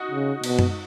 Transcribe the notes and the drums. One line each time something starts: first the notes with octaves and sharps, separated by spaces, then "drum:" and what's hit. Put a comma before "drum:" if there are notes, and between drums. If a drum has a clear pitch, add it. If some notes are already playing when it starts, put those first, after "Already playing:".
Already playing: D#4 F#4
C#3
B2, drum: cymbal
drum: tom F#2